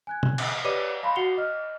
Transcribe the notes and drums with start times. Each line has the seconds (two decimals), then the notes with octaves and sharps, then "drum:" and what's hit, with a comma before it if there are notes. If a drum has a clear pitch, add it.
0.07 G#5 F#6 G#6
0.23 drum: tom B2
0.38 drum: cymbal
0.64 G4 B4 C#5 D5 D6 D#7
1.03 F5 A5 B5 C6
1.16 F#4 F#5 C7 C#7 F7 G7
1.38 D#5 F6